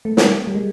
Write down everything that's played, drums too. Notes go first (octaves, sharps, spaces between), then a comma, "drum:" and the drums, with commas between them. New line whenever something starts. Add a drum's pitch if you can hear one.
A3
A#3, drum: snare
G3
G#3